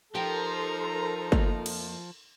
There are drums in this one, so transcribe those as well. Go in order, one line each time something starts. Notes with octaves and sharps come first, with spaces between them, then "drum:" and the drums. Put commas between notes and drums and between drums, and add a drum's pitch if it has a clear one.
F3 D#4 G4 A4 A#4 C5 G5 A#5
F2 A3 A#3, drum: kick
drum: cymbal